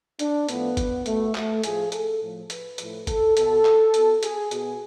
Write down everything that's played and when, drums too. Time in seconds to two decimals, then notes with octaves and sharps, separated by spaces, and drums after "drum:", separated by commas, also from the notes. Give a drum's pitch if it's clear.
0.19 D4, drum: hi-hat
0.49 A2 F3 B3, drum: hi-hat
0.77 drum: kick G#1, hi-hat
1.06 B2 A3, drum: hi-hat
1.35 A3, drum: clap
1.64 A2 F3 G#4, drum: hi-hat
1.92 A4, drum: hi-hat
2.21 A2 F3
2.50 B4, drum: hi-hat
2.78 A2 F3, drum: hi-hat
3.07 A4, drum: kick G#1, hi-hat
3.37 B2 A4, drum: hi-hat
3.65 drum: clap
3.94 B2, drum: hi-hat
4.23 G#4, drum: hi-hat
4.51 B2 G#4, drum: hi-hat